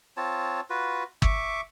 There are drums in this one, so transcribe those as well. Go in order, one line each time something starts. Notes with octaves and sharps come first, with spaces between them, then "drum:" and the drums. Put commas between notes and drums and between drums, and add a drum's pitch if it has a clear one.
C4 F4 C#5 A5
F4 F#4 B4
E5 C#6 D6, drum: kick